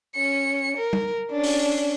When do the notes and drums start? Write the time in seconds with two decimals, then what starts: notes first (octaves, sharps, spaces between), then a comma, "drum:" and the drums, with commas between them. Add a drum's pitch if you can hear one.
0.16 C#4 C#7
0.77 A#4
0.93 drum: tom G3
1.32 C#4 D4
1.44 drum: open hi-hat